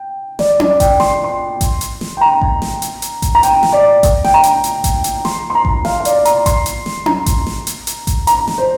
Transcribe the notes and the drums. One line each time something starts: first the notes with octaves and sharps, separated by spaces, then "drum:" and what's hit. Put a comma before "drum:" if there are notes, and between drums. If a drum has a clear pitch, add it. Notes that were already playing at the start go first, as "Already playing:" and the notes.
Already playing: G5
D5, drum: snare
D5, drum: tom C#4
G5, drum: kick A1, hi-hat
C6, drum: snare
C6
drum: kick A1, hi-hat
drum: hi-hat
drum: snare
G5
A#5
drum: kick A1
drum: snare
drum: hi-hat
drum: hi-hat
drum: kick A1, hi-hat
A#5
G5, drum: hi-hat
drum: snare
D5
drum: kick A1, hi-hat
G5, drum: snare
A#5
drum: hi-hat
drum: hi-hat
drum: kick A1, hi-hat
drum: hi-hat
C6, drum: snare
C6
A#5
drum: kick A1
F5, drum: snare
F5
D5, drum: hi-hat
A#5, drum: hi-hat
C6, drum: kick A1, hi-hat
drum: hi-hat
drum: snare
A#5, drum: tom C#4
drum: kick A1, hi-hat
drum: snare
drum: hi-hat
drum: hi-hat
drum: kick A1, hi-hat
A#5, drum: hi-hat
drum: snare
C5